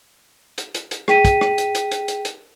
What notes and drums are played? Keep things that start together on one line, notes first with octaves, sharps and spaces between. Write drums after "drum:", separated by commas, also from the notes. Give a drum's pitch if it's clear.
drum: hi-hat
drum: hi-hat
drum: hi-hat
G#4 G5 B6 D#7, drum: rim click
drum: kick, hi-hat
drum: rim click
drum: hi-hat
drum: hi-hat
drum: hi-hat
drum: hi-hat
drum: hi-hat